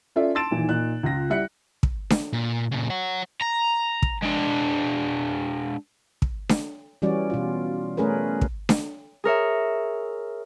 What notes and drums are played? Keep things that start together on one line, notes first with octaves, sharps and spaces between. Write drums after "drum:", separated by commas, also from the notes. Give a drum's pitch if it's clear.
C#4 F4 A4 D5 E5
A5 C6 E6 A6 D7 E7
D#2 A#2 D#3 E3
A#2 D#4 F#6
C#2 F4 A#6
G3 E4 E5 F#5 F#6 C#7
drum: kick
drum: snare D4
A#2
A#2 C#3
C#5 F#5
A#5
drum: kick
G#3 D4
drum: kick
drum: snare D4
E3 G3 C#4 F#4 D5
B2 F4
A3 C#4 G#4 A#4 B4
drum: kick
drum: snare D4
G#4 A#4 C#5 E5